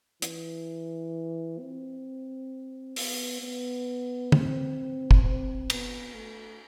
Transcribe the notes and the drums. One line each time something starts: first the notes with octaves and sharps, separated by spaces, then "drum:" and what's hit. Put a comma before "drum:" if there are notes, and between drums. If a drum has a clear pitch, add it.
E3, drum: hi-hat
C4
B3, drum: open hi-hat
B3
C4, drum: tom
drum: kick
C4
B3, drum: cymbal
A3